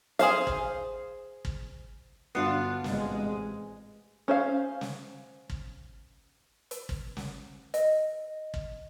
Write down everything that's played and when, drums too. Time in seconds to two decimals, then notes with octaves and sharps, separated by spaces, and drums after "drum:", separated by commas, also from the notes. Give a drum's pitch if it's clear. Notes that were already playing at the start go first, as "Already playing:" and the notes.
0.19 G#4 C5 F5, drum: hi-hat
0.47 drum: kick
1.45 drum: kick
2.35 G1 F#3 B3 D4 F4 C7
2.84 A1 G#2 C3 G#3, drum: snare
4.28 C#4 C5 F5
4.81 drum: snare
5.50 drum: kick
6.71 drum: hi-hat
6.89 drum: kick
7.17 drum: snare
7.74 D#5, drum: hi-hat
8.54 drum: kick